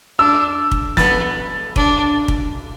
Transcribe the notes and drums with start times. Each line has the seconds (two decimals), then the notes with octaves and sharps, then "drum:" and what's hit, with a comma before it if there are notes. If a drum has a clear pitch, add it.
0.19 D4 E6
0.71 drum: kick
0.97 B3 A6, drum: snare
1.76 D4, drum: kick
2.28 drum: kick